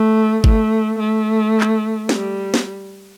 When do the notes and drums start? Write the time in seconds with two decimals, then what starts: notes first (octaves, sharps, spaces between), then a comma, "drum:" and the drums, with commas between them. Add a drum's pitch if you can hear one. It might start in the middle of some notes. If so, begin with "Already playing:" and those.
Already playing: A3
0.44 A3, drum: kick G1
0.99 A3
1.61 drum: clap
2.09 G3, drum: snare
2.54 drum: snare